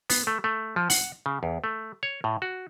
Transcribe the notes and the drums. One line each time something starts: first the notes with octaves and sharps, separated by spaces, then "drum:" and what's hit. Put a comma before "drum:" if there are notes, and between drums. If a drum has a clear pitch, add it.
B3, drum: open hi-hat
A3
A3
F3
F#5, drum: open hi-hat
C#3
E2
A3
C#5
A2
F#4